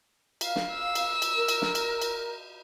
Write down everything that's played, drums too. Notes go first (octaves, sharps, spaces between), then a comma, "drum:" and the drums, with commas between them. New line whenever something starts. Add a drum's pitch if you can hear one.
F5, drum: cymbal
drum: snare
E6
drum: cymbal
drum: cymbal
A#4
drum: cymbal
drum: snare
drum: cymbal
drum: cymbal